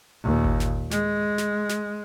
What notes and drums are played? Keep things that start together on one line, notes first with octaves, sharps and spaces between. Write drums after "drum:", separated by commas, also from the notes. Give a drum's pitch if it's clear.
D#2 A#2
drum: kick G1
drum: snare
G#3, drum: snare
drum: snare
drum: snare